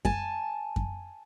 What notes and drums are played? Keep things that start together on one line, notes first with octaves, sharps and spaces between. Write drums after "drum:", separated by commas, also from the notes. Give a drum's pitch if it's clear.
G#5 A5, drum: kick F#2
drum: kick F#2